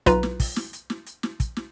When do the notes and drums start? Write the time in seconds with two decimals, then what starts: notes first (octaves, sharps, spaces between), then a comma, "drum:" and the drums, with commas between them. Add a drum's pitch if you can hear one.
0.06 B1 F4 B4 A#5, drum: kick, hi-hat
0.23 drum: snare
0.40 drum: kick, open hi-hat
0.56 drum: snare
0.73 drum: hi-hat
0.90 drum: snare
1.06 drum: hi-hat
1.23 drum: snare
1.40 drum: kick, hi-hat
1.57 drum: snare